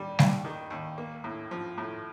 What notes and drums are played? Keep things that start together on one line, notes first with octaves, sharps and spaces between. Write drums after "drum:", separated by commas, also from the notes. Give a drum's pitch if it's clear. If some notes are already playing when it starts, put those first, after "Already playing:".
Already playing: D#2 G3
D#2, drum: snare G3
D#3
D#2
A#3
A2
F3
A2